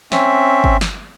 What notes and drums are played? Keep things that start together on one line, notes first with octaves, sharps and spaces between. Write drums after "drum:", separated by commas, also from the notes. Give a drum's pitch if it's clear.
C4 C#4 E5, drum: snare
drum: kick G1
drum: snare